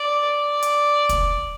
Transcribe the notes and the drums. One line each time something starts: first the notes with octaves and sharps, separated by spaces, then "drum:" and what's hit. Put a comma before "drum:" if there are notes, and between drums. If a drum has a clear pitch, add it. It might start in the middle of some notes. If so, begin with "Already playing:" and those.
Already playing: D5
D5
drum: hi-hat
drum: kick, hi-hat